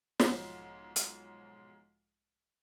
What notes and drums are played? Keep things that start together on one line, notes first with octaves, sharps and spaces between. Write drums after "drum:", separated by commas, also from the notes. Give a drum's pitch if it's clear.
B1 G#2 F3 F#3 B6, drum: snare
drum: hi-hat